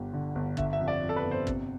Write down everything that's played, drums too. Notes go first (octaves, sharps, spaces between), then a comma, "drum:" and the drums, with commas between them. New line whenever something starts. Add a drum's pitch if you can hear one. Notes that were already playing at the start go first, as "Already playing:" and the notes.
Already playing: G1 G3
D3
G1
D3 E5, drum: kick
E5
F2
D5
F2
A4
B4
G1
C5
C3, drum: kick